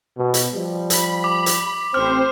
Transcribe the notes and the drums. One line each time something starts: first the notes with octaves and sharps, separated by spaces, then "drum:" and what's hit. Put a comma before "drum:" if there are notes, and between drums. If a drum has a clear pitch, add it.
B2
drum: hi-hat
F3 G3
B5, drum: hi-hat
D6
drum: hi-hat
A1 C4 C5 F6